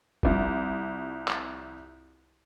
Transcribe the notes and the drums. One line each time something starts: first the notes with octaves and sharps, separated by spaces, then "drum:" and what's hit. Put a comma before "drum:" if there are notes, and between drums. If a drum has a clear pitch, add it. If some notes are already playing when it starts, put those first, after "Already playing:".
C2 F3, drum: kick
drum: clap